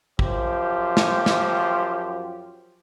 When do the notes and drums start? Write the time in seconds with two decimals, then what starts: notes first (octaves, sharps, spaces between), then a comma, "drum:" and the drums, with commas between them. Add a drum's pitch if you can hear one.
0.19 F#2 F3 G4 C5, drum: kick
0.97 drum: snare
1.26 drum: snare